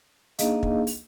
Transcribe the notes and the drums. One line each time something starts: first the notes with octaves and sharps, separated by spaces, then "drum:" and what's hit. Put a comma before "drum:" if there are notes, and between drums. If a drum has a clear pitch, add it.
A#3 D4 D#4 G#4 D#5 F5, drum: hi-hat
drum: kick
drum: open hi-hat